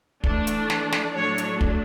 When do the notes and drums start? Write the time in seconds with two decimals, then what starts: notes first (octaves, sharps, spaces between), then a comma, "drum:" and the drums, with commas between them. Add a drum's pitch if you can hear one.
0.24 E3 A3 D4, drum: kick
0.47 drum: hi-hat
0.70 drum: snare
0.92 drum: snare
1.15 A2 F#3 A3 D4 C#5
1.38 drum: hi-hat
1.61 drum: kick